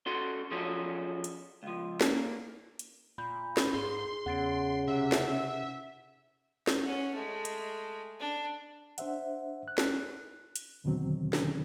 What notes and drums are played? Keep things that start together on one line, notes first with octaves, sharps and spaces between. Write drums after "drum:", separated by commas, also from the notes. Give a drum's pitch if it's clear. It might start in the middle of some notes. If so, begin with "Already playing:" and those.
C#4 F#4 A4 F#5 C6
F3 F#3 C#4 F#4 G#4 A4
drum: hi-hat
C#2 F3
A#3, drum: snare
drum: hi-hat
A#2 B5 G6
drum: snare
G#2 G#4 C6
E2 C#3 F#5 A6 D7
C3 C#4 E5 F#5
drum: snare
drum: snare
C#4 F#5
G#3 A3
drum: hi-hat
D4
D4 C5 E5 F#5, drum: hi-hat
F#6
drum: snare
drum: hi-hat
E2 B2 D3 D#3 F#3 C4
drum: snare